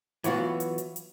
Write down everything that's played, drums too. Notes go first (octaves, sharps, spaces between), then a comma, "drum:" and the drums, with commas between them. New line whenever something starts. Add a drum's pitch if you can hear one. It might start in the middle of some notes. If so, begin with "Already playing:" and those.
E3 F#3 B3 F4 F#4, drum: hi-hat
drum: hi-hat
drum: hi-hat
drum: hi-hat